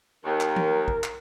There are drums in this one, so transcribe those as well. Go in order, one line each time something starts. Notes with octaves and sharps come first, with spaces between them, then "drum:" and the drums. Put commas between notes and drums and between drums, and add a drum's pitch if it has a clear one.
D#2 A#4
drum: clap
drum: tom E3
drum: kick
drum: clap